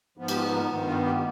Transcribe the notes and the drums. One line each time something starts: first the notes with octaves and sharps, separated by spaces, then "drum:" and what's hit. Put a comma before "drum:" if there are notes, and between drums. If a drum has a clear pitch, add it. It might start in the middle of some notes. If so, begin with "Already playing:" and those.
G#2 F3 B3
G4, drum: cymbal
F4
D#4
G2 D#3 B3
F4
G4